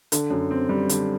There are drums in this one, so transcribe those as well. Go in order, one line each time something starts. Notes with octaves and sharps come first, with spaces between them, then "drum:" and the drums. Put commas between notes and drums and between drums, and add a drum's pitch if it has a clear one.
D3, drum: hi-hat
F#2
C4
G3
D3, drum: hi-hat